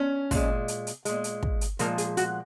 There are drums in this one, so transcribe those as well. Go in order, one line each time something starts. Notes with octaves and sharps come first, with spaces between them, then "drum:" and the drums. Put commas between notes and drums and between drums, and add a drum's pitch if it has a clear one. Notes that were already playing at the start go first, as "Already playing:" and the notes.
Already playing: C#4
A#2 G#3, drum: kick, open hi-hat
drum: hi-hat
drum: hi-hat
A#2 G#3, drum: hi-hat
drum: hi-hat
drum: kick
drum: hi-hat
A#2 F3 G#3 A#4, drum: hi-hat
G#4, drum: hi-hat
F#4, drum: hi-hat